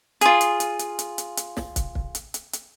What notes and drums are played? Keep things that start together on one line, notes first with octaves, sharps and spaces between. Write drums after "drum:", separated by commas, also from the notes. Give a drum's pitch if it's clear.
F4 G#4, drum: hi-hat
drum: hi-hat
drum: hi-hat
drum: hi-hat
drum: hi-hat
drum: hi-hat
drum: hi-hat
drum: snare
drum: kick, hi-hat
drum: kick
drum: hi-hat
drum: hi-hat
drum: hi-hat